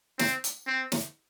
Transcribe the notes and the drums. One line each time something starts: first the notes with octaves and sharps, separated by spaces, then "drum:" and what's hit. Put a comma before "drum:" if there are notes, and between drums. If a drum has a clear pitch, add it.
C4, drum: snare
drum: hi-hat
C4
drum: snare